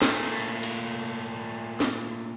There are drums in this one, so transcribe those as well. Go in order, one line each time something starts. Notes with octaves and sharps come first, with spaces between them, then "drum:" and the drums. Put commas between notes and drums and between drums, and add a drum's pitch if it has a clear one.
A#2 A3, drum: snare
drum: cymbal
drum: snare